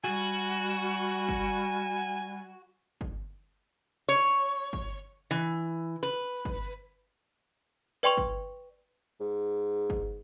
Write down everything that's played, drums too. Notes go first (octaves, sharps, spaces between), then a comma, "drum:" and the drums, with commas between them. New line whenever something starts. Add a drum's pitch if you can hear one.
G3 F#4 G#5
drum: kick G1
drum: kick G1
C#5
drum: kick G1
E3
B4
drum: kick G1
B4 D5 G5 C6 C#6 F7
drum: kick G1
G#2
drum: kick G1